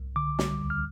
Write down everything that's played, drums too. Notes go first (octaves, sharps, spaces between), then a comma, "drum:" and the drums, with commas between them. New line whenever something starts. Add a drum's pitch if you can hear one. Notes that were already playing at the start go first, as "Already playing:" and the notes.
Already playing: C2
D3 D6
G3, drum: snare
D2
F6